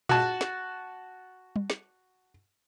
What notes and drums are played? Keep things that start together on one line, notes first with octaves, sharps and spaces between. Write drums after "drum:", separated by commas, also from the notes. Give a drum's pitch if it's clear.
F#4 A5, drum: tom A#2
drum: snare
drum: tom G3
drum: snare